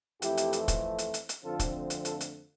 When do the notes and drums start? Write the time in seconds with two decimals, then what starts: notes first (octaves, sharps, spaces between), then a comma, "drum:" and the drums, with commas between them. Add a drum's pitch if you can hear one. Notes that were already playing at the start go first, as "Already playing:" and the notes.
0.22 F2 E3 A3 C4 E4 G4, drum: hi-hat
0.37 drum: hi-hat
0.53 drum: hi-hat
0.68 drum: kick, hi-hat
0.98 drum: hi-hat
1.14 drum: hi-hat
1.29 drum: hi-hat
1.44 F2 D3 F3 A3 C4 F4 A4
1.59 drum: kick, hi-hat
1.90 drum: hi-hat
2.05 F4 A4, drum: hi-hat
2.20 drum: hi-hat